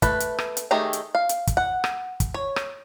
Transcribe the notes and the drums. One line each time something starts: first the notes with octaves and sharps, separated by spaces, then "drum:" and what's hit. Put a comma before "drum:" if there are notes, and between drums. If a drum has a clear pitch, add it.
A3 B4, drum: kick, hi-hat
drum: hi-hat
drum: rim click
drum: hi-hat
D#3 A3 G4 G#4 A#5
drum: hi-hat
F5
drum: hi-hat
drum: kick, hi-hat
F#5
drum: rim click
drum: kick, hi-hat
C#5
drum: rim click